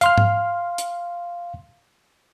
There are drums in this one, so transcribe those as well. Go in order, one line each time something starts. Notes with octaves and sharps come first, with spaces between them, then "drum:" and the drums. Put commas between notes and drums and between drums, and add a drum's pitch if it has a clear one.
F5 C6 F6, drum: hi-hat
drum: tom G#2
drum: hi-hat